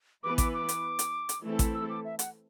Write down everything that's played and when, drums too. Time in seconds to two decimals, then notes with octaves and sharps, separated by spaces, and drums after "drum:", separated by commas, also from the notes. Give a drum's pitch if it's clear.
0.23 E3 B3 E4 B4 D6
0.38 D6, drum: kick A1, hi-hat
0.54 D6
0.69 drum: hi-hat
0.99 drum: hi-hat
1.29 drum: hi-hat
1.44 E3 A3 C4 E4 A4
1.59 drum: kick A1, hi-hat
1.74 E6
1.89 D6
2.05 E5
2.19 F#5, drum: hi-hat